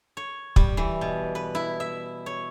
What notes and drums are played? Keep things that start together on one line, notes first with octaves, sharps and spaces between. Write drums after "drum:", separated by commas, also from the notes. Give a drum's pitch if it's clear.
C#5
G3, drum: kick
E3
B2
B4
E4
E5
C#5